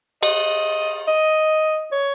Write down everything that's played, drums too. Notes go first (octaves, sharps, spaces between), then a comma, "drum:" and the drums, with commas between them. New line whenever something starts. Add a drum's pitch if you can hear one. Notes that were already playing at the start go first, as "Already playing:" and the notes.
D#5, drum: cymbal
D#5
C#5